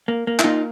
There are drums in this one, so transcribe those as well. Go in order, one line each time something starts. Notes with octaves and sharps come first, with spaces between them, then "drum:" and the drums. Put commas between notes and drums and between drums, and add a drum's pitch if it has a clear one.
A#3
A#3
E4, drum: clap
A#3 D#4 F4